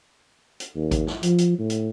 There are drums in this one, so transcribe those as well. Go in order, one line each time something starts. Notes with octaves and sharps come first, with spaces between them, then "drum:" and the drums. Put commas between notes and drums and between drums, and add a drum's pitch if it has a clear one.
drum: hi-hat
D#2
drum: kick A1, hi-hat
drum: snare
F3, drum: hi-hat
drum: hi-hat
A2
drum: hi-hat